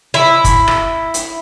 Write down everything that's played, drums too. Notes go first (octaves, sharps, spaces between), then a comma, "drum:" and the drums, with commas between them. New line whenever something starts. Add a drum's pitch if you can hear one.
E4
drum: kick, hi-hat
drum: rim click
drum: hi-hat